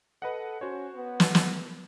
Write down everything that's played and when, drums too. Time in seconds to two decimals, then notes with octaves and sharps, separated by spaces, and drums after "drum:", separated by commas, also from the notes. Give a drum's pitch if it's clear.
0.22 A4 B4 D#5 F#5
0.61 C#4 F#4 C5 C#5
0.95 B3
1.20 drum: snare
1.35 drum: snare